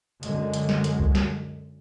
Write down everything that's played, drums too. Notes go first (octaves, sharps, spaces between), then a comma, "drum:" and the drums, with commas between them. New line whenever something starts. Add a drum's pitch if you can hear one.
F#2 D3 G#3, drum: hi-hat
drum: hi-hat
drum: snare
drum: hi-hat
drum: kick C2
drum: snare